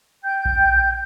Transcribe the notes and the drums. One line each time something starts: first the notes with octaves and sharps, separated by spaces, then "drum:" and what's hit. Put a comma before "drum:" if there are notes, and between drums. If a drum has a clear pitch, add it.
G5 G6
drum: kick A#1